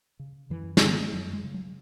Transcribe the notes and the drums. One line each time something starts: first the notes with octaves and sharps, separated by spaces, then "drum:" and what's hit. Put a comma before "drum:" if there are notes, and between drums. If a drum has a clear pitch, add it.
C#3
F#2 E3
C#3 C#4, drum: snare
B3
G#3
F#2 F#3
G#3
C#3
F#3